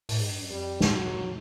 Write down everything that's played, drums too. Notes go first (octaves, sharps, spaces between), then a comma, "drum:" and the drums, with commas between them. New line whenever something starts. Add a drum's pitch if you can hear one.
A2, drum: open hi-hat
G#2
G2
F#2
F2 G3
drum: snare
F#3